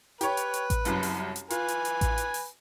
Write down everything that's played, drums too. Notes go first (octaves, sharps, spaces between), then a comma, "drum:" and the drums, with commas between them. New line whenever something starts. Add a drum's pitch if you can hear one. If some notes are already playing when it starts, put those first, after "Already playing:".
G4 B4 C#5, drum: hi-hat
drum: hi-hat
drum: hi-hat
drum: kick A1, hi-hat
F#1 C2 F#2, drum: hi-hat
drum: open hi-hat
drum: hi-hat
F4 B4 G#5, drum: hi-hat
drum: hi-hat
drum: hi-hat
drum: kick A1, hi-hat
drum: hi-hat
drum: open hi-hat